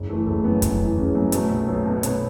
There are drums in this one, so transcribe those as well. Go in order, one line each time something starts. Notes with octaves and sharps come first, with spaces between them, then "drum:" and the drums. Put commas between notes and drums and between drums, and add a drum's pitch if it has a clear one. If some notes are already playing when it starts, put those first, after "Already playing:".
Already playing: F#1
E3 A3
F#1 A3
F#2 B3
F#1 B3, drum: kick F2, hi-hat
E3
F#1 C#3 C#4
F#2
B2 A3, drum: hi-hat
B1
B1 B3
B2
C#5
B2 B3 B4, drum: hi-hat